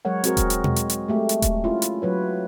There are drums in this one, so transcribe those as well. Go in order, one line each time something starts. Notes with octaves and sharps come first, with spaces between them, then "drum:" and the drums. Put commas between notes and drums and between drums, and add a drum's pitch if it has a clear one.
F#3 G#3 A#4 C#5 F#5
C4 F#4 G#4 A#4, drum: hi-hat
drum: kick D#1, hi-hat
drum: hi-hat
G#3, drum: tom
drum: hi-hat
drum: hi-hat
G#3 A3 G4
drum: hi-hat
drum: kick D#1, hi-hat
C#4 E4 F4
drum: hi-hat
F#3 B4 C#5